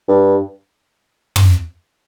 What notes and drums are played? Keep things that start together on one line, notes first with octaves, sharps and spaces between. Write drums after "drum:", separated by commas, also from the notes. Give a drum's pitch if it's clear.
G2
drum: tom